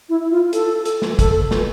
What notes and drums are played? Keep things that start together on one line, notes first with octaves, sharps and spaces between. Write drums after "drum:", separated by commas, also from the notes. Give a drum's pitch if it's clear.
E4
F4
A4, drum: hi-hat
drum: hi-hat
drum: snare
A4, drum: kick, hi-hat
drum: snare